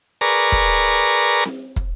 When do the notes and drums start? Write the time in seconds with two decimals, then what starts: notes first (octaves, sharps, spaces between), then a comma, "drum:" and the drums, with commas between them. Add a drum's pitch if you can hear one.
0.21 G#4 A#4 B4 D5 A#5 C#6
0.52 drum: kick
1.45 drum: snare C4
1.76 drum: kick